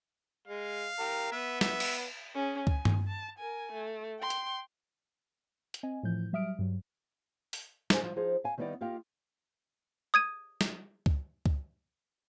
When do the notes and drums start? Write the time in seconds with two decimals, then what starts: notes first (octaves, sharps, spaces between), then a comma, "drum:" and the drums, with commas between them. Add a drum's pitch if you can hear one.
0.48 G#3 F5
1.00 G4 A#4
1.32 B3 B4 E5
1.61 E5, drum: snare
1.80 drum: cymbal
2.35 C#4 G#4
2.67 G#5, drum: kick C#2
2.85 drum: tom G2
3.07 A5
3.38 A#4 G#5
3.72 A3
4.20 G5 C6
4.30 drum: hi-hat
5.74 drum: hi-hat
5.83 C4 D#5 G#5
6.03 A2 E3 F3 G6
6.33 F#3 G3 E5 D#6 F6 D7
6.59 G2 F#3
7.53 drum: open hi-hat
7.90 G#4 C5 G#5, drum: snare
8.03 F3
8.16 F3 D#4 G#4 C5
8.44 F5 G#5
8.58 D#3 G3 B3 D#4 E4 D5
8.81 A#3 D#4 F4 G4 F5 G5
10.14 D#6 G#6 D#7
10.61 drum: snare
11.06 drum: kick C#2
11.46 drum: kick C#2